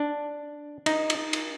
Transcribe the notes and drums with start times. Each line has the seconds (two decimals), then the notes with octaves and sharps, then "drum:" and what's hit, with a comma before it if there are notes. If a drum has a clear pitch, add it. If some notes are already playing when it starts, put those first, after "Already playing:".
Already playing: D4
0.86 D#4, drum: cymbal
1.10 drum: cymbal
1.33 drum: cymbal